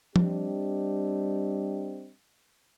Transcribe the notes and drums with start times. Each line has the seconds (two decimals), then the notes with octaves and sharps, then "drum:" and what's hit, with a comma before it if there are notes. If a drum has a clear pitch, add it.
0.16 G3 C4 D4 G4 D#5, drum: tom F3